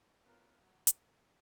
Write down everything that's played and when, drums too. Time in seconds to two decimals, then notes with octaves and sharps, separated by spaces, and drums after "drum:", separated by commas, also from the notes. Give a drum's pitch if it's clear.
0.25 B3 C#4 F4 A#4
0.63 F#3
0.87 drum: hi-hat